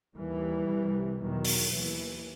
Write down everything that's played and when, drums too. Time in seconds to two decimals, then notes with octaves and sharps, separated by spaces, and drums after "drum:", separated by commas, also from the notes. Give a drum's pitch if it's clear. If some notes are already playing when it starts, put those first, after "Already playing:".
0.17 D#2 E3 G3
0.70 C2 C3
1.21 E2 B2 D#3 F#3
1.45 drum: open hi-hat
1.73 D#2 E3